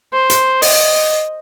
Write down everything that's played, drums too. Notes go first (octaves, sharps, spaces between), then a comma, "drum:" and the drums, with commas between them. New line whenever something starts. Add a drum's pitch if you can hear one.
C5
drum: hi-hat
D#5, drum: open hi-hat